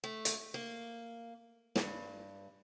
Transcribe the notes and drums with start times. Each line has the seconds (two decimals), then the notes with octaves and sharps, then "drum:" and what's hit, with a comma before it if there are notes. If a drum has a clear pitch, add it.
0.04 A3
0.25 drum: hi-hat
0.54 A#3
1.76 G2, drum: snare